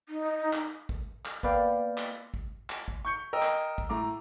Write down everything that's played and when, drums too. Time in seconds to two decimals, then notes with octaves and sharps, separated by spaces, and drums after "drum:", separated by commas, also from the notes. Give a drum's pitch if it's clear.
0.09 D#4
0.53 drum: clap
0.89 drum: kick
1.25 drum: clap
1.43 A#3 B3 B4 D5 F5 G5, drum: kick
1.98 drum: clap
2.34 drum: kick
2.70 drum: clap
2.88 drum: kick
3.05 C#6 G6 C#7
3.33 A#4 D#5 G5 E6
3.42 drum: clap
3.78 drum: kick
3.89 A2 A#5 D6